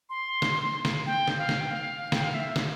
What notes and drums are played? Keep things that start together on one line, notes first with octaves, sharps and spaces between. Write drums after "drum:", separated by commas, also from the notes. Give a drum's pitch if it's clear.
C6
drum: snare
drum: snare
G5
drum: snare
F5
drum: snare
G5
F5
G5, drum: snare
F5
E5
drum: snare